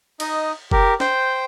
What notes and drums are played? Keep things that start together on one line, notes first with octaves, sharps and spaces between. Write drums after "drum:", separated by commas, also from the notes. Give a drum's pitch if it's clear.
D#4 D#5, drum: cymbal
G4 A#4, drum: kick F#1
C5 G5, drum: snare